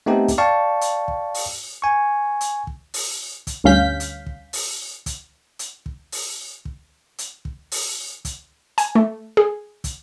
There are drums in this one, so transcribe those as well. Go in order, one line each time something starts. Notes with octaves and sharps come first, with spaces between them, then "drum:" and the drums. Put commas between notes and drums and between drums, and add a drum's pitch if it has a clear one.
A3 B3 C4 D#4 G4 A4
drum: kick, hi-hat
D5 F5 G5 A5 C#6
drum: hi-hat
drum: kick
drum: open hi-hat
G#5 C#6
drum: hi-hat
drum: kick
drum: open hi-hat
drum: kick, hi-hat
D2 G2 C#4 F5 G6 B6
drum: hi-hat
drum: kick
drum: open hi-hat
drum: kick, hi-hat
drum: hi-hat
drum: kick
drum: open hi-hat
drum: kick
drum: hi-hat
drum: kick
drum: open hi-hat
drum: kick, hi-hat
G#5, drum: hi-hat
A3
G#4
drum: kick, hi-hat